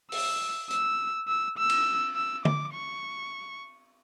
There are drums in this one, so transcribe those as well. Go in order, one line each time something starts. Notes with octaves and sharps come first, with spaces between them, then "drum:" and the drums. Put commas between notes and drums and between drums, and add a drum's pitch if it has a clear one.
E6, drum: open hi-hat
E6, drum: hi-hat
E6
E6
drum: cymbal
E6
D6, drum: tom D3
C#6